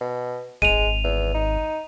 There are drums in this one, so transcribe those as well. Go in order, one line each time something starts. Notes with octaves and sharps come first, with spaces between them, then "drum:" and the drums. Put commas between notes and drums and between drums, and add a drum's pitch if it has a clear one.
B2
G#1 G#3 D#7 F7, drum: kick D#1
E2
D#4